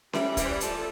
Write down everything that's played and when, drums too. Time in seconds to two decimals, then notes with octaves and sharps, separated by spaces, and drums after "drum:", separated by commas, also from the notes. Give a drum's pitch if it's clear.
0.13 E3 G3 E5, drum: snare C#4
0.37 E3 G3, drum: kick, hi-hat
0.44 C5
0.49 D5
0.61 F3 A3, drum: hi-hat
0.76 A4